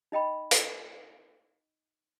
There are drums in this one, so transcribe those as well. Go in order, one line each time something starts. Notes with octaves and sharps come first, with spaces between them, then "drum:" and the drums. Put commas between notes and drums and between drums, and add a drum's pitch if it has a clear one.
D#4 D#5 G5 B5
drum: hi-hat